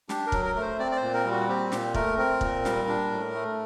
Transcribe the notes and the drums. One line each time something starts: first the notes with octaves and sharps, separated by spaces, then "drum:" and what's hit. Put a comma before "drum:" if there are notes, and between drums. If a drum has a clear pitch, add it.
D4 G4, drum: snare
A#4
F#3, drum: kick
A#4
A3 A#4
C5
C4 D5
D5
C5
A#2
A#4
G3
F#4
C4 G4
A#2 G4, drum: snare
A3 A#4, drum: kick
C4 A#4
A#2, drum: kick
G3, drum: snare
D4
A2
A3